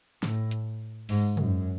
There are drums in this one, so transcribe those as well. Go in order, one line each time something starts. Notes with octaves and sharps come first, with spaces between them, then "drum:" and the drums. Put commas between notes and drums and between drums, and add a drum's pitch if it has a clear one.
A2, drum: snare
drum: hi-hat
G#2, drum: open hi-hat
F#2, drum: tom